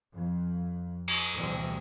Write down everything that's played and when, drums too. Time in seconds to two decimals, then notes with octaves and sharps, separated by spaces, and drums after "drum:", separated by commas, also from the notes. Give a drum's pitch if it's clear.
0.14 F2
1.08 drum: cymbal
1.34 D2 B2 E3 G3 C4